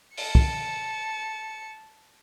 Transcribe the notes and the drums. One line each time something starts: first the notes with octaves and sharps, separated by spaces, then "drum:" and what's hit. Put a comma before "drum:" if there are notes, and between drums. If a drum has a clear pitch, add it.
A5 C#7, drum: open hi-hat
drum: kick